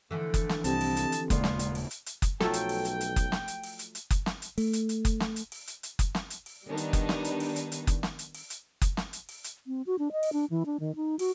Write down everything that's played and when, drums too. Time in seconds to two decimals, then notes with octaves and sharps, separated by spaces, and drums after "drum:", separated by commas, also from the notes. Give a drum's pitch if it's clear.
0.11 D3 E3 F3 A3
0.34 drum: kick F#1, hi-hat
0.49 drum: snare
0.64 C2 C4 G4 D#5 A5, drum: hi-hat
0.81 drum: open hi-hat
0.96 drum: hi-hat
1.12 drum: hi-hat
1.30 D#1 C#3 G#3 A#3 B3 F4 D5 C6, drum: kick F#1, hi-hat
1.44 drum: snare
1.59 drum: hi-hat
1.75 drum: open hi-hat
1.91 drum: hi-hat
2.06 drum: hi-hat
2.22 drum: kick F#1, hi-hat
2.40 B1 F3 F#3 A3 A4 G5, drum: snare
2.53 drum: hi-hat
2.69 drum: open hi-hat
2.85 drum: hi-hat
3.01 drum: hi-hat
3.16 drum: kick F#1, hi-hat
3.32 drum: snare
3.48 drum: hi-hat
3.63 drum: open hi-hat
3.79 drum: hi-hat
3.95 drum: hi-hat
4.10 drum: kick F#1, hi-hat
4.26 drum: snare
4.42 drum: hi-hat
4.58 A3, drum: open hi-hat
4.73 drum: hi-hat
4.89 drum: hi-hat
5.05 drum: kick F#1, hi-hat
5.20 drum: snare
5.36 drum: hi-hat
5.52 drum: open hi-hat
5.67 drum: hi-hat
5.83 drum: hi-hat
5.99 drum: kick F#1, hi-hat
6.15 drum: snare
6.30 drum: hi-hat
6.46 drum: open hi-hat
6.66 D#3 G3 B3 D4 D#4
6.77 drum: hi-hat
6.93 drum: kick F#1, hi-hat
7.09 drum: snare
7.24 drum: hi-hat
7.40 drum: open hi-hat
7.56 drum: hi-hat
7.72 drum: hi-hat
7.87 drum: kick F#1, hi-hat
8.03 drum: snare
8.19 drum: hi-hat
8.34 drum: open hi-hat
8.50 drum: hi-hat
8.81 drum: kick F#1, hi-hat
8.97 drum: snare
9.13 drum: hi-hat
9.29 drum: open hi-hat
9.44 drum: hi-hat
9.67 C4
9.86 F#4
9.99 D4
10.12 D#5
10.23 drum: open hi-hat
10.33 D4
10.50 E3
10.66 D4
10.80 D#3
10.96 D#4
11.19 F#4, drum: open hi-hat